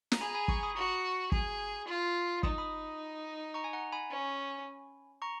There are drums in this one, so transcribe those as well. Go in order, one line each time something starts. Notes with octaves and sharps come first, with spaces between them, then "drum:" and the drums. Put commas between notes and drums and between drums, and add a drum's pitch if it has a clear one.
A#5, drum: snare
G#4 G#5 B5
A#5
G#5 B5
A#5 C#6, drum: kick
B5 D#6
F#4 A#5 C#6
G#4, drum: kick
F4
D#4 D#6, drum: kick
B5 D#6
A#5 C#6
G#5
F#5 A#5
G#5 B5
C#4
A#5 C#6